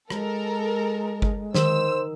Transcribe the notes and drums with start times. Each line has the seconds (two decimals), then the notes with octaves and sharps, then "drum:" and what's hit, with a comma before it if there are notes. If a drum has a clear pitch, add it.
0.10 G#3 A4 A#4, drum: rim click
1.22 drum: kick G1
1.54 D#3 C5 E6, drum: snare